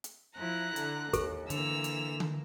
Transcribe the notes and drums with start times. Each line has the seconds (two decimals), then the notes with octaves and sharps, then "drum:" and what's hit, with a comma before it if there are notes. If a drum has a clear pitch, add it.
0.04 drum: hi-hat
0.36 F3 E4 A#5 F#6
0.76 D3, drum: hi-hat
1.13 D#2 A4, drum: kick, hi-hat
1.50 D3 E3 A#3 E6 F7, drum: hi-hat
1.84 drum: hi-hat
2.20 drum: tom D3